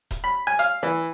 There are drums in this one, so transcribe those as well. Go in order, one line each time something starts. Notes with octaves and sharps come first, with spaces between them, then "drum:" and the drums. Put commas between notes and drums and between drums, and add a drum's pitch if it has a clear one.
drum: kick D#1, hi-hat
B5
G#5
F5, drum: hi-hat
E3